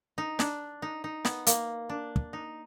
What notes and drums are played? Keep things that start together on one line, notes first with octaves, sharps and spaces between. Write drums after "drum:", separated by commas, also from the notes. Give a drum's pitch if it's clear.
D#4
D4, drum: snare
D#4
D#4
B3, drum: snare
A#3, drum: hi-hat
D4
drum: kick
D#4